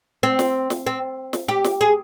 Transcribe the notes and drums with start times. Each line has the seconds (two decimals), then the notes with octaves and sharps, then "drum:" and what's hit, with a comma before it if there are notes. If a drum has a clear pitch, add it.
0.23 C4
0.39 drum: snare
0.70 drum: snare
0.87 C4
1.33 drum: snare
1.48 G4
1.64 drum: snare
1.81 G#4